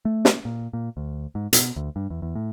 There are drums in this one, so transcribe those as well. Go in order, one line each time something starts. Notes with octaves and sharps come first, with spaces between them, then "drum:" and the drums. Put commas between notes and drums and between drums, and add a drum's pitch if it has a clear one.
A3
drum: snare
A#2
A#2
D2
G#2
B2, drum: hi-hat
D2
G2
E2
E2
A2